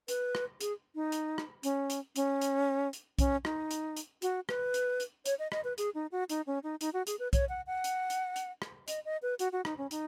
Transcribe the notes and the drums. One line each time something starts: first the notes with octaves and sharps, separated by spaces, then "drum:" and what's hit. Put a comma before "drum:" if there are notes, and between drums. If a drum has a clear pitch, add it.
B4, drum: hi-hat
drum: rim click
G#4, drum: hi-hat
D#4
drum: hi-hat
drum: rim click
C#4, drum: hi-hat
drum: hi-hat
C#4, drum: hi-hat
drum: hi-hat
drum: hi-hat
C#4, drum: kick B1, hi-hat
D#4, drum: rim click
drum: hi-hat
drum: hi-hat
F#4, drum: hi-hat
B4, drum: rim click
drum: hi-hat
drum: hi-hat
C#5, drum: hi-hat
D#5
D#5, drum: rim click
B4
G#4, drum: hi-hat
D#4
F#4
D#4, drum: hi-hat
C#4
D#4
D#4, drum: hi-hat
F#4
G#4, drum: hi-hat
B4
C#5, drum: kick B1, hi-hat
F#5
F#5
drum: hi-hat
drum: hi-hat
drum: hi-hat
drum: rim click
D#5, drum: hi-hat
D#5
B4
F#4, drum: hi-hat
F#4
D#4, drum: rim click
C#4
D#4, drum: hi-hat